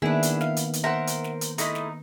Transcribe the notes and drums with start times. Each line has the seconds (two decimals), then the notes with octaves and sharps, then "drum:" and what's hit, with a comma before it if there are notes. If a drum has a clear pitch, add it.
0.02 D#3 A#3 B3 D4 E4 G#4
0.23 drum: hi-hat
0.41 F5, drum: snare
0.57 drum: hi-hat
0.73 drum: hi-hat
0.84 A#4 C5 E5 F#5
1.07 drum: hi-hat
1.24 drum: snare
1.41 drum: hi-hat
1.58 G#3 A3 D#4 E4, drum: hi-hat
1.75 drum: snare